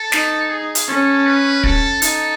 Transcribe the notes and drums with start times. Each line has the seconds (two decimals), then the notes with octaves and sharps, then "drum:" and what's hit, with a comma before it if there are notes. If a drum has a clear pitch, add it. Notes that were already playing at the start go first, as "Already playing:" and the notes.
Already playing: A4
0.12 D#4, drum: snare
0.50 G#4
0.75 drum: hi-hat
0.88 C#4 A4
1.26 B4
1.64 A4, drum: kick
2.02 D#4 A4, drum: hi-hat